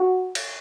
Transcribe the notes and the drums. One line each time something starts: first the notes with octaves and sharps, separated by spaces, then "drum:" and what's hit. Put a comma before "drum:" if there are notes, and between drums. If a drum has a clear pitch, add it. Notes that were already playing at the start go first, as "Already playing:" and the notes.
Already playing: F#4
drum: cymbal